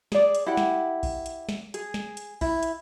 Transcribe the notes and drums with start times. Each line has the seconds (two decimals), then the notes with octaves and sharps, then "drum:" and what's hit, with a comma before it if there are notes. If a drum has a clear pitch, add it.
0.12 G#4 D5, drum: snare
0.35 drum: hi-hat
0.46 E4 G4 F#5
0.57 drum: snare
1.03 drum: kick A#1, open hi-hat
1.26 drum: hi-hat
1.49 drum: snare
1.74 G#4, drum: hi-hat
1.94 drum: snare
2.17 drum: hi-hat
2.41 E4, drum: kick A#1, open hi-hat
2.63 drum: hi-hat